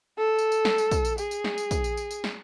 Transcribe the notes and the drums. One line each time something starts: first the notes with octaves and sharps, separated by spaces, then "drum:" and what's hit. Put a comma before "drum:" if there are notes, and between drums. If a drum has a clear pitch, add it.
A4
drum: tambourine
drum: tambourine
drum: snare
drum: tambourine
drum: kick, tambourine
drum: tambourine
G#4, drum: tambourine
drum: tambourine
drum: snare
drum: tambourine
drum: kick, tambourine
drum: tambourine
drum: tambourine
drum: tambourine
drum: snare